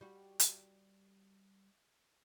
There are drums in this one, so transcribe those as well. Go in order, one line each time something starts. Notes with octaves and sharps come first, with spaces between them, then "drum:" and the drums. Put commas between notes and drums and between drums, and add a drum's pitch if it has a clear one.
G3 F#4
drum: hi-hat